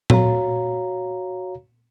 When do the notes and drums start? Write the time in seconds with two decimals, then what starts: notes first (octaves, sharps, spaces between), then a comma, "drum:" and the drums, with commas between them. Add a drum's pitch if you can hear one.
0.10 F#4 C#5 F5 A#5, drum: tom A#2